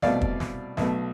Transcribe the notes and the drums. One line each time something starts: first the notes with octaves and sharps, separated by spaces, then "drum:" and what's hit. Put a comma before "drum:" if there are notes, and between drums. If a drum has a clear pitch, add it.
C2 B2 A3 D5 F5, drum: snare
drum: kick
drum: snare
B1 B2 A3, drum: snare